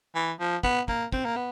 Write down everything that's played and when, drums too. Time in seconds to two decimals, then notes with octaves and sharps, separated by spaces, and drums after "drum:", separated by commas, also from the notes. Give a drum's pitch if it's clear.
0.15 E3
0.40 F3
0.63 B3, drum: kick
0.88 A#3, drum: kick
1.12 C4, drum: kick
1.25 A#3
1.36 B3